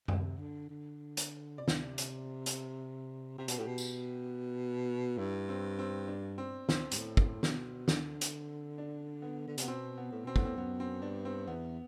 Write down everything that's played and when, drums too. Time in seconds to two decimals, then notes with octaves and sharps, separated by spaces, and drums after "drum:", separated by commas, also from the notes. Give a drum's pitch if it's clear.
0.08 C3, drum: tom F#2
0.39 D3
0.69 D3
1.17 drum: hi-hat
1.58 C3 D5
1.68 drum: snare
1.98 drum: hi-hat
2.46 drum: hi-hat
3.38 C3 G4
3.48 B2 F#4, drum: hi-hat
3.58 A2 G4
3.67 B2
3.78 drum: tambourine
5.18 G2 E4
5.49 C4
5.79 C4
6.08 D4
6.38 C4
6.69 C4, drum: snare
6.92 G2, drum: hi-hat
6.98 A2
7.17 drum: kick
7.43 B2, drum: snare
7.88 D3, drum: snare
8.21 drum: hi-hat
8.78 D4
9.22 B3
9.47 D3
9.58 C3 B3, drum: hi-hat
9.68 B2 C4
9.98 B3
10.12 A2
10.25 B2 C4
10.36 A2 B3, drum: kick
10.45 C4
10.57 F#2 B3
10.80 C4
11.02 G2 D4
11.25 C4
11.47 E2 B3